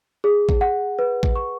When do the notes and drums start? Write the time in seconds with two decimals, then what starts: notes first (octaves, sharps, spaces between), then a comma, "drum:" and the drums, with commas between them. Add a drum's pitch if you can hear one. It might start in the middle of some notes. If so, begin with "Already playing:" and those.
0.24 G#4
0.49 drum: kick A1
0.61 F#5
0.99 B4
1.23 drum: kick A1
1.36 C#6